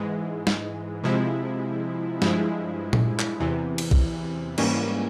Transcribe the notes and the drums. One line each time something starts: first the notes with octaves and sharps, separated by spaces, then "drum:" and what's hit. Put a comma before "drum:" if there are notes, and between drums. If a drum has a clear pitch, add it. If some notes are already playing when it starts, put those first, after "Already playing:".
Already playing: G#2 E3 G#3
drum: snare
C3 F3 G#3 E4
G2 F3 G#3 E4, drum: snare
drum: tom A#2
drum: clap
E2 C3 E3
drum: cymbal
drum: kick
G#2 E3 G3 A#3 C#4, drum: cymbal